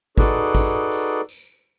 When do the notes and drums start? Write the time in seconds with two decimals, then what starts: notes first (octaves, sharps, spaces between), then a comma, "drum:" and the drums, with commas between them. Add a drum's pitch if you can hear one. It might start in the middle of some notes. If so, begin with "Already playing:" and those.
0.17 D#4 F#4 G#4 A4 B4 D5, drum: kick G#1, tambourine
0.55 drum: kick G#1, tambourine
0.92 drum: tambourine
1.29 drum: tambourine